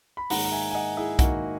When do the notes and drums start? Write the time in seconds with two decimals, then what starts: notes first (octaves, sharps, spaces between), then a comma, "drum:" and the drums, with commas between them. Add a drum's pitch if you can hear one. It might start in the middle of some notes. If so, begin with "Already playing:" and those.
0.17 B5
0.30 G#2 D#3 A#3 F#5 A#5, drum: open hi-hat
0.45 A#5
0.52 E5 G#5
0.71 G#5
0.75 D#5 F#5
0.97 E4 G#4
1.19 G#2 D#3 A#3 D#4 F#4, drum: kick B1, hi-hat